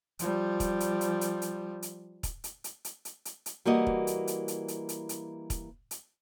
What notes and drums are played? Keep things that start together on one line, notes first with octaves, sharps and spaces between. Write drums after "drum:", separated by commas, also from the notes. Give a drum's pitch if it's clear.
F3 G3, drum: hi-hat
drum: kick, hi-hat
drum: hi-hat
drum: hi-hat
drum: hi-hat
drum: hi-hat
drum: hi-hat
drum: kick, hi-hat
drum: hi-hat
drum: hi-hat
drum: hi-hat
drum: hi-hat
drum: hi-hat
drum: hi-hat
E3 G3 A#3 F#4 D#5
drum: kick
drum: hi-hat
drum: hi-hat
drum: hi-hat
drum: hi-hat
drum: hi-hat
drum: hi-hat
drum: kick, hi-hat
drum: hi-hat